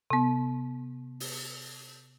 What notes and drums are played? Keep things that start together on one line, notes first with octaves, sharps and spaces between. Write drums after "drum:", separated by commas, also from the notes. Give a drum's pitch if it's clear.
C3 B3
drum: open hi-hat